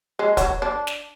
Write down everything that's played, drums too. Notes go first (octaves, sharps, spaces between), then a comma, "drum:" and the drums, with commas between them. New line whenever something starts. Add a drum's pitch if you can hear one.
G#3
F#3, drum: kick, hi-hat
D4
drum: snare